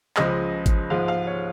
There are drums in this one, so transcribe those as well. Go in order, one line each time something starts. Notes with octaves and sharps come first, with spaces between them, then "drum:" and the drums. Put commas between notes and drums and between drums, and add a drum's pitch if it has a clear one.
C#2 C#3 F3 G#3 D#5, drum: clap
drum: kick G#1, hi-hat
G#2 F3 G#3 F5
F5
C#5